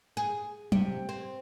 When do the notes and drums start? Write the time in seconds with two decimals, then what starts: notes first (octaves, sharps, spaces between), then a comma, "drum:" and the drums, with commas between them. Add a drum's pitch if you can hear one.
0.17 G#4
0.72 C3, drum: tom F#3
1.09 C4